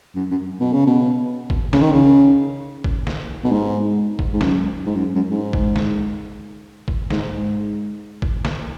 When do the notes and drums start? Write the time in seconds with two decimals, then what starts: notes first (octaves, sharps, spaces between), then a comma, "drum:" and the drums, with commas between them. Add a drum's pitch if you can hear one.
0.15 F#2
0.31 F#2
0.60 B2
0.73 C#3
0.86 B2
1.50 drum: kick G#1
1.73 C#3, drum: snare
1.81 D#3
1.91 C#3
2.84 drum: kick G#1
3.07 drum: snare
3.44 B2
3.52 G#2
4.19 drum: kick G#1
4.33 G#2
4.41 F#2, drum: snare
4.86 G#2
4.95 F#2
5.15 F#2
5.30 G#2
5.53 drum: kick G#1
5.76 drum: snare
6.88 drum: kick G#1
7.10 G#2, drum: snare
8.22 drum: kick G#1
8.45 drum: snare